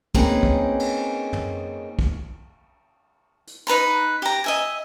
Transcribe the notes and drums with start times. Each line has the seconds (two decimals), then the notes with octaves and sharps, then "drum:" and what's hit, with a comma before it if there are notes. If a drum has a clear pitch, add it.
0.15 A#3 C4 C#4 D#4 G#4 B4, drum: kick
0.43 drum: kick
0.79 drum: cymbal
1.33 drum: tom
1.99 drum: kick
3.47 drum: hi-hat
3.67 D#4 B4 A#5 C6
4.22 G4 A#5
4.44 D#5 E5 G#5